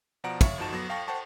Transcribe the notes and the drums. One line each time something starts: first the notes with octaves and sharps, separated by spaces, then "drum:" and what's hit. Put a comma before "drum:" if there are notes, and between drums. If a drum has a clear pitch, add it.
B2 F3 D5 F#5 A#5 D7
C#5 E5 F5 C#6, drum: kick, cymbal
G#1 F3 D#4 F#4 A5 E7
F#3 B3 A#6
F5 G5 A5 C#6 A#6
C5 F#5 G5 A5 C#6